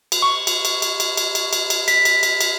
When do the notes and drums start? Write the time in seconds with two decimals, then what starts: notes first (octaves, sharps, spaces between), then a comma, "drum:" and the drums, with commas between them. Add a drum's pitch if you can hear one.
0.12 drum: cymbal
0.22 C#6
0.47 drum: cymbal
0.65 drum: cymbal
0.82 drum: cymbal
1.00 drum: cymbal
1.17 drum: cymbal
1.35 drum: cymbal
1.53 drum: cymbal
1.70 drum: cymbal
1.88 B6, drum: cymbal
2.05 drum: cymbal
2.23 drum: cymbal
2.41 drum: cymbal